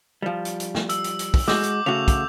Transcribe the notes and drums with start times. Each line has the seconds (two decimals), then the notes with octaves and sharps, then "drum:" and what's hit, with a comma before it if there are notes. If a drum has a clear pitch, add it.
0.22 F3 G3
0.45 drum: hi-hat
0.60 drum: hi-hat
0.75 drum: snare
0.89 E6, drum: hi-hat
1.04 drum: hi-hat
1.19 drum: hi-hat
1.34 drum: kick, open hi-hat
1.48 G#3 F#4 D6 E6 G6, drum: snare
1.63 drum: hi-hat
1.86 C#3 A3 F#4 F7
2.08 drum: kick, hi-hat